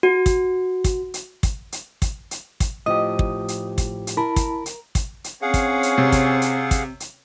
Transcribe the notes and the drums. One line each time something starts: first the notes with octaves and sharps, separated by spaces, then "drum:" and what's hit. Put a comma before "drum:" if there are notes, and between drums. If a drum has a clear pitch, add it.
F#4
drum: kick, hi-hat
drum: kick, hi-hat
drum: hi-hat
drum: kick, hi-hat
drum: hi-hat
drum: kick, hi-hat
drum: hi-hat
drum: kick, hi-hat
A2 F3 G4 D#5 D#6
drum: kick
drum: hi-hat
drum: kick, hi-hat
drum: hi-hat
E4 A#4 A5 B5
drum: kick, hi-hat
drum: hi-hat
drum: kick, hi-hat
drum: hi-hat
C4 C#4 G#4 F5 F#5
drum: kick, hi-hat
drum: hi-hat
C3
drum: kick, hi-hat
drum: hi-hat
drum: kick, hi-hat
drum: hi-hat